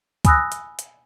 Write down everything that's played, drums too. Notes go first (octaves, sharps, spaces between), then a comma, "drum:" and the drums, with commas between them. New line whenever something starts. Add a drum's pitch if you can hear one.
G#5 B5 D#6 E6 F#6 A#6, drum: kick C#2, hi-hat
drum: hi-hat
drum: hi-hat